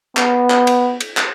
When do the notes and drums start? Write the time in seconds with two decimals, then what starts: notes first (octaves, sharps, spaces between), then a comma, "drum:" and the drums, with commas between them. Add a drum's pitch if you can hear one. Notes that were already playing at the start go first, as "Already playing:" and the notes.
0.17 B3, drum: clap
0.50 drum: clap
0.67 drum: cymbal
1.00 drum: cymbal
1.17 drum: clap